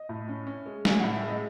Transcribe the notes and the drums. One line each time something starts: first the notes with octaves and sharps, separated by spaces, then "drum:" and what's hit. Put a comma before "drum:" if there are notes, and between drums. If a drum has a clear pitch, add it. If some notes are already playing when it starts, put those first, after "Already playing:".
Already playing: D#5
A2
C#4
C#4
G#3
C#4 G#5, drum: snare
A2 F#5
E5
G#3
D#5